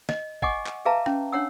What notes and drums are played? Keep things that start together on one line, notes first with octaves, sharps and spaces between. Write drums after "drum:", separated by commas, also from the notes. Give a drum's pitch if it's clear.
D#5, drum: snare
D#5 F#5 G#5 C#6 D6, drum: kick
drum: clap
G#4 B4 E5 F5 A5 A#5
C#4, drum: rim click
D4 C#5 F#5 E6